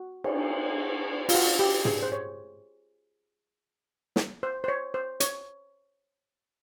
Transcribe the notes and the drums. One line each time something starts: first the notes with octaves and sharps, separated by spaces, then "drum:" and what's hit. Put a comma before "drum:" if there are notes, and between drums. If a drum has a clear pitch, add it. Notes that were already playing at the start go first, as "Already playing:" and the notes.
Already playing: F#4
drum: cymbal
F4, drum: open hi-hat
F#4
G4
G#4, drum: tom
C5
C#5
drum: snare
C5
C5
C#5
C5
C#5, drum: hi-hat